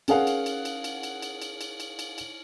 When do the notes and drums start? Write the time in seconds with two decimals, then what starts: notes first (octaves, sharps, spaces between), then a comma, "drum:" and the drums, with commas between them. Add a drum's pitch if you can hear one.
0.08 C#4 G#4 A#4 F5 F#5, drum: cymbal
0.27 drum: cymbal
0.46 drum: cymbal
0.65 drum: cymbal
0.84 drum: cymbal
1.03 drum: cymbal
1.22 drum: cymbal
1.42 drum: cymbal
1.61 drum: cymbal
1.80 drum: cymbal
1.99 drum: cymbal
2.18 drum: cymbal